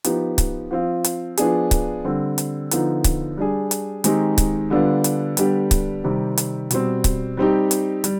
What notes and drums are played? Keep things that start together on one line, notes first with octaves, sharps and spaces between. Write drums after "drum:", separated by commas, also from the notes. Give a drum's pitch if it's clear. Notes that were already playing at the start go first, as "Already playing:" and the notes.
F3 B3 D#4 G4, drum: hi-hat
drum: kick C#1, hi-hat
F3 C4 F4
drum: hi-hat
F3 B3 D4 G#4, drum: hi-hat
drum: kick C#1, hi-hat
D3 G3 C4
drum: hi-hat
D3 F3 B3 D#4, drum: hi-hat
drum: kick C#1, hi-hat
G3 D4 G#4
drum: hi-hat
D#3 G#3 C4 D#4 G4, drum: hi-hat
drum: kick C#1, hi-hat
D3 G3 B3 D4 F4
drum: hi-hat
D3 G3 B3 D4 G4, drum: hi-hat
drum: kick C#1, hi-hat
C3 D#3 G3 C4 G4
drum: hi-hat
B2 G3 C4, drum: hi-hat
drum: kick C#1, hi-hat
G3 C4 D#4 G4
drum: hi-hat
G3, drum: hi-hat